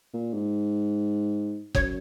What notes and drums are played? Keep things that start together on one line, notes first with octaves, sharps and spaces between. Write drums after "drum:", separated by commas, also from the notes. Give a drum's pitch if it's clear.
A#2
G#2
F#2 C#5, drum: kick F#1